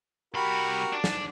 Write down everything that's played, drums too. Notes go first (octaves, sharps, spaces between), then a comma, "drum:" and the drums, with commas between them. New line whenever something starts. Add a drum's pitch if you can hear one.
C2 F#4 G4 A#4 B5
D4
drum: snare